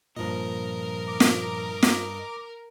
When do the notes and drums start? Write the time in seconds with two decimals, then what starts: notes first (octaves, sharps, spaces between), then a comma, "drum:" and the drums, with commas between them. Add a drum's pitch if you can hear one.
0.16 G2 A#2 F3 A#4 D#5
1.08 A#5 D6
1.20 drum: snare
1.83 drum: snare